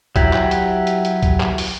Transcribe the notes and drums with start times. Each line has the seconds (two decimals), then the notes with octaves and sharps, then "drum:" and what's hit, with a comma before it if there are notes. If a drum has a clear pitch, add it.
0.16 F#3 E4 G4, drum: kick C2, hi-hat
0.33 drum: clap
0.51 drum: hi-hat
0.87 drum: hi-hat
1.05 drum: hi-hat
1.23 drum: kick C2, hi-hat
1.40 drum: clap
1.58 drum: open hi-hat